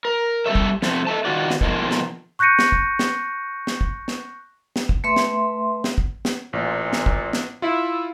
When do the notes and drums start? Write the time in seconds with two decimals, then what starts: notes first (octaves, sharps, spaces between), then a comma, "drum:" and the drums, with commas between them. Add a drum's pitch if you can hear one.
0.05 A#4
0.46 G3 A3 A4 C#5 E5
0.55 drum: kick
0.82 F3 A3 C4, drum: snare
1.07 A4 D#5 E5 A5
1.25 D#3 F4 F#4 D5
1.50 drum: snare
1.61 B2 D3 D#3 F3 G#3 A#3, drum: kick
1.91 drum: snare
2.39 C#6 F#6 G6 A#6 C#7 D#7
2.59 drum: snare
2.72 drum: kick
2.99 drum: snare
3.67 drum: snare
3.81 drum: kick
4.08 drum: snare
4.76 drum: snare
4.89 drum: kick
5.04 A3 B4 E5 C6
5.16 drum: snare
5.84 drum: snare
5.98 drum: kick
6.25 drum: snare
6.53 A1 A#2
6.93 drum: snare
7.06 drum: kick
7.33 drum: snare
7.62 E4 F4